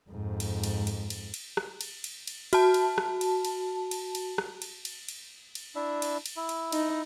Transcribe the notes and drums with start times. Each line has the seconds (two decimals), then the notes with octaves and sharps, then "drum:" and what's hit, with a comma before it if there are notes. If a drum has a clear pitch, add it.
0.10 F2 G#2
0.40 drum: cymbal
0.64 drum: cymbal
0.87 drum: cymbal
1.10 drum: cymbal
1.34 drum: cymbal
1.57 drum: rim click
1.81 drum: cymbal
2.04 drum: cymbal
2.27 drum: cymbal
2.53 F#4 A5, drum: cymbal
2.74 drum: cymbal
2.98 drum: rim click
3.21 drum: cymbal
3.45 drum: cymbal
3.91 drum: cymbal
4.15 drum: cymbal
4.38 drum: rim click
4.62 drum: cymbal
4.85 drum: cymbal
5.09 drum: cymbal
5.55 drum: cymbal
5.75 D4 E4 E5
6.02 drum: cymbal
6.26 drum: cymbal
6.37 E4
6.49 drum: cymbal
6.72 D#4, drum: cymbal